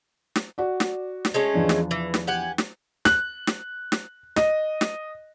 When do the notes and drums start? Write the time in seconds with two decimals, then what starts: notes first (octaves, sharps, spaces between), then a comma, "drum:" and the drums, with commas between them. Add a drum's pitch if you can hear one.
0.36 drum: snare
0.58 F#4 D5
0.80 drum: snare
1.25 drum: snare
1.34 G#3 A3 C#4
1.54 E2 F3 D4
1.69 drum: snare
1.91 E3
2.14 drum: snare
2.27 G4 F#5 G#5
2.58 drum: snare
3.05 F#6, drum: snare
3.47 drum: snare
3.92 drum: snare
4.36 D#5, drum: snare
4.81 drum: snare